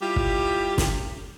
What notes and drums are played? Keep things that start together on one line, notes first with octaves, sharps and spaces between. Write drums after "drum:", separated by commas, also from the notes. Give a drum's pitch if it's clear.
G3 E4 F4 G4
drum: kick
drum: snare